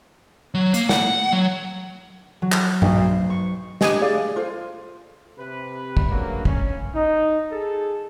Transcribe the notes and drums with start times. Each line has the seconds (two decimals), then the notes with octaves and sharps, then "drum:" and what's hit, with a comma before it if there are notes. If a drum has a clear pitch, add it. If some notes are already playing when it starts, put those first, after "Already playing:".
0.54 F#3
0.74 A#3, drum: hi-hat
0.89 F#5, drum: snare
1.33 F#3
2.42 F#3
2.52 drum: clap
2.82 B1, drum: tom G2
2.96 C5
3.30 C#6
3.81 D4 D#4 G4 D#5 G#5 D#6, drum: snare
4.02 G#4 D5 F5
4.36 F4 A4 C5
5.39 C3 B4
5.97 drum: kick
6.10 G2 C#3 F#3 A#3
6.45 C#4, drum: kick
6.95 D#4
7.51 G#4 A4